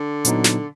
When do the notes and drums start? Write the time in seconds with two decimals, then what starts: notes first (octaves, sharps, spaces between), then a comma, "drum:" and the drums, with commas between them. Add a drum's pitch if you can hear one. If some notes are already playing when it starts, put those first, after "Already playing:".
Already playing: D3
0.25 A#2 F#3 B3 D#4, drum: hi-hat
0.44 drum: snare